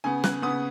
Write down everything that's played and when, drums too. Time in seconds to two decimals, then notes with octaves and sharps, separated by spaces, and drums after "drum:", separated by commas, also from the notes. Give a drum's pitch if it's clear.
0.04 C#3 B3 G#5
0.24 F#6, drum: snare
0.42 C#3 B3 D#6